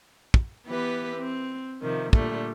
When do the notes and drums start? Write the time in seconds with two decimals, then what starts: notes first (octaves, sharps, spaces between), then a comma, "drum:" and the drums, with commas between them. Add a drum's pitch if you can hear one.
0.34 drum: kick
0.66 E3 B3 G4 B4
1.17 C4
1.82 C3 D#3 F3
2.13 A#2 D3 G3 A3, drum: kick